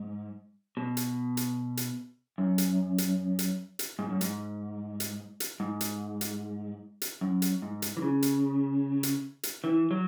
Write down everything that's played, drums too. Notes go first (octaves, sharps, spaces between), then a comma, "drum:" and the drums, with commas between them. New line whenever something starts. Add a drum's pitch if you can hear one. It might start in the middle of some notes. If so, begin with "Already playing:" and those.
Already playing: G#2
B2
drum: hi-hat
drum: hi-hat
drum: hi-hat
F#2
drum: hi-hat
drum: hi-hat
drum: hi-hat
drum: hi-hat
G#2
F#2
G#2, drum: hi-hat
drum: hi-hat
drum: hi-hat
G#2
drum: hi-hat
drum: hi-hat
drum: hi-hat
F#2
drum: hi-hat
G#2
drum: hi-hat
E3
C#3
drum: hi-hat
drum: hi-hat
drum: hi-hat
E3
F#3